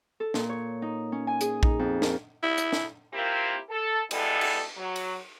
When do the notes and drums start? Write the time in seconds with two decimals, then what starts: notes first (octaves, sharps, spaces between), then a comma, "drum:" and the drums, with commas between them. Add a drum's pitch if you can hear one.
0.20 A4
0.34 A#2, drum: snare
0.49 C#5
0.82 D#4
1.12 C#4
1.27 G#5
1.41 G#4, drum: hi-hat
1.63 D#4, drum: kick
1.79 F2
2.02 A#4, drum: snare
2.43 E4
2.58 drum: hi-hat
2.73 drum: snare
3.13 A#3 C4 E4 F4 G4 A#4
3.69 A4
4.11 B2 G3 G#3 B3 E4 A4, drum: cymbal
4.41 drum: cymbal
4.76 F#3
4.96 drum: cymbal